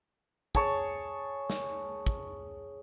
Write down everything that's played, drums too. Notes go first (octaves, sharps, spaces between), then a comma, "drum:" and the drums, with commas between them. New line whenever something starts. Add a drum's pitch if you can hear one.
G#4 C#5 A5 C#6, drum: kick
drum: snare
drum: kick